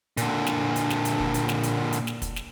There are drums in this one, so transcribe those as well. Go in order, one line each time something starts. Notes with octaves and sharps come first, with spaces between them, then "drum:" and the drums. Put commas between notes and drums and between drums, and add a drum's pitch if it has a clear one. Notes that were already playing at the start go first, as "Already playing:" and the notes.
A#2 D3, drum: hi-hat
drum: snare
drum: hi-hat
drum: snare
drum: hi-hat
drum: kick
drum: hi-hat
drum: snare
drum: hi-hat
drum: hi-hat
drum: snare
drum: kick, hi-hat
drum: snare